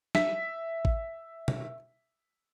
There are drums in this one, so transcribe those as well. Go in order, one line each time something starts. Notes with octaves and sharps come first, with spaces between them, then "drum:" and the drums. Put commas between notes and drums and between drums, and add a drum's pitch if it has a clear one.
E5 B6, drum: snare
drum: kick A1
drum: tom